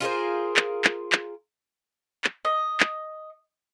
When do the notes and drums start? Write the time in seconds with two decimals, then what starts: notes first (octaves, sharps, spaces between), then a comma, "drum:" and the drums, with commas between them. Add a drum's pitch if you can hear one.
0.01 F4 G#4 A#4 C5
0.56 drum: clap
0.84 drum: clap
1.12 drum: clap
2.24 drum: clap
2.45 D#5
2.80 drum: clap